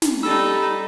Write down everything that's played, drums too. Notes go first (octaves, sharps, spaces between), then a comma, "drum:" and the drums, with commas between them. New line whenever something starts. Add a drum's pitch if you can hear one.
drum: snare
G3 D#4 A4 B5 E6